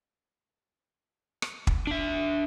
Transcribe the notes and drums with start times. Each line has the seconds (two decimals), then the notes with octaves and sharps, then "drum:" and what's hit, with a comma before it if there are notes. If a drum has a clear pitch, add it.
1.42 drum: rim click
1.67 drum: kick
1.87 D4 E5